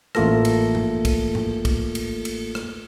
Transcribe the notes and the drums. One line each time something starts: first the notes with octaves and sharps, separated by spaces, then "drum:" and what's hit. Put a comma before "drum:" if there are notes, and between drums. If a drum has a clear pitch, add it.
A1 A3 A#3 F4 A4 A#6, drum: rim click
drum: cymbal
drum: tom G#2
drum: kick, cymbal
drum: tom G#2
drum: kick, cymbal
drum: cymbal
drum: cymbal
drum: rim click